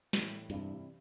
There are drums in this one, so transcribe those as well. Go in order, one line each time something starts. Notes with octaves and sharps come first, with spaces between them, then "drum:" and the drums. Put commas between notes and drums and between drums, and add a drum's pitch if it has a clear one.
A2 E3 G3, drum: snare
G2 C3 E3 C4 E4, drum: hi-hat